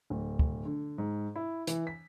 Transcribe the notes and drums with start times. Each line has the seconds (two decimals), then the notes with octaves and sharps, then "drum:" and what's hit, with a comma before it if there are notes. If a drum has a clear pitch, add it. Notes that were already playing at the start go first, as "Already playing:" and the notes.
0.10 D1
0.39 drum: kick
0.65 D3
0.98 G#2
1.36 E4
1.67 E3, drum: hi-hat
1.87 B6